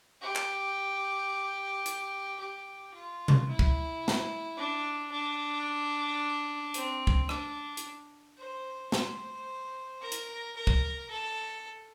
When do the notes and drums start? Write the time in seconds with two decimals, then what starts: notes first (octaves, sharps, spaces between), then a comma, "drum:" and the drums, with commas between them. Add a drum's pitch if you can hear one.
0.21 G4
0.36 drum: clap
1.86 drum: hi-hat
2.39 G4
2.94 F4
3.28 drum: tom B2
3.48 E4
3.59 drum: kick
4.08 drum: snare
4.57 D4
5.11 D4
6.74 C4, drum: hi-hat
7.07 drum: kick
7.29 D4, drum: rim click
7.77 drum: hi-hat
8.37 C5
8.92 C5, drum: snare
10.01 A#4
10.12 drum: hi-hat
10.55 A#4
10.67 drum: kick
11.10 A4